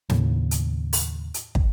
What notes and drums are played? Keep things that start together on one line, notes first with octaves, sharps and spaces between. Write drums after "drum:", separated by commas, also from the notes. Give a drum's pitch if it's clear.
D#2 A2 C#3, drum: snare
drum: hi-hat
drum: open hi-hat
drum: hi-hat
drum: kick